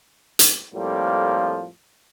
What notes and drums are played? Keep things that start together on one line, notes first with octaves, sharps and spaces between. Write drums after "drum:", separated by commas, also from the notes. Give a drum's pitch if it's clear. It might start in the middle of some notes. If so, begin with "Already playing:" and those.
drum: hi-hat
F2 A2 F3 G3 A#3